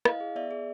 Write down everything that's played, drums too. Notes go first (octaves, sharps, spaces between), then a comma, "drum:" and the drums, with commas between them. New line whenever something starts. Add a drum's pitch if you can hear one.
E4 D#5 F5, drum: rim click
G#4
B3 D5 E5
G#4